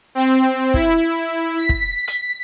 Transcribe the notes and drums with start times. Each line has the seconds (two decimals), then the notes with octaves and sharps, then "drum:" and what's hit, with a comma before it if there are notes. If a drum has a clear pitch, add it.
0.15 C4
0.74 E4, drum: kick
1.58 B6
1.69 drum: kick
2.08 drum: hi-hat